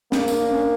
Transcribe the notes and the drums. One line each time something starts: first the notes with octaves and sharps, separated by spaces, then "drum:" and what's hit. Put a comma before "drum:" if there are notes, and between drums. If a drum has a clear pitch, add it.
A#3 D4, drum: snare
drum: tambourine
D4
C#4